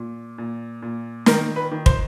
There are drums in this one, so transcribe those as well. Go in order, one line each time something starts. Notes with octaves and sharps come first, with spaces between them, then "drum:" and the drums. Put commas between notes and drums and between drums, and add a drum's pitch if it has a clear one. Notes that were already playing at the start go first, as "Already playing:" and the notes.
Already playing: A#2
A#2
A#2
D#3 A#4, drum: snare
B4
D#3
C5, drum: kick